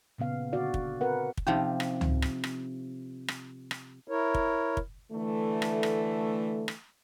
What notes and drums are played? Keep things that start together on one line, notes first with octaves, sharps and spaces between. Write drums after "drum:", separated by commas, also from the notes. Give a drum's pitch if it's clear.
A#2 C#3 B3 F5
D3 F#4 D5 F5
drum: kick
C4 A#4 B4 F#5
drum: kick
C3 F3 C#4 D#4 G4
drum: rim click
drum: tom C#2
drum: rim click
drum: rim click
drum: rim click
drum: rim click
E4 A#4 C#5
drum: kick
drum: kick
D3 E3 A3
drum: rim click
drum: rim click
drum: rim click